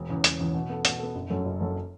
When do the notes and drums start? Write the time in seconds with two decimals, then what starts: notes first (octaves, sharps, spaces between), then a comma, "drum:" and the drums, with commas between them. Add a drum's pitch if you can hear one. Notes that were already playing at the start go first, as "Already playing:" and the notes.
Already playing: E1
0.09 E2 C#3
0.24 E1, drum: hi-hat
0.39 E2 C#3
0.54 B2
0.70 B3 A4
0.85 B2, drum: hi-hat
0.99 B3 A4
1.15 F#1
1.30 F#2 F#3 C#4 A4
1.45 F#1
1.60 F#2 F#3 C#4 A4